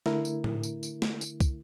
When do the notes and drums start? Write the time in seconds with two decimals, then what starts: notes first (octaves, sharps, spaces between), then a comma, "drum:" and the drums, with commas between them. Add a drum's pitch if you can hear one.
0.06 D3 A3 E4 A#4, drum: snare
0.25 drum: tambourine
0.44 drum: tom A2
0.63 drum: tambourine
0.83 drum: tambourine
1.02 drum: snare
1.21 drum: tambourine
1.40 drum: kick, tambourine